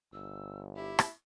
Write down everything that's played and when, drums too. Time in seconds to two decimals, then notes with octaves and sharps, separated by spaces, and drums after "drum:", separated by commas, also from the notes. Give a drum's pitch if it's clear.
0.13 G1 E6
0.76 E4 G4
0.99 drum: rim click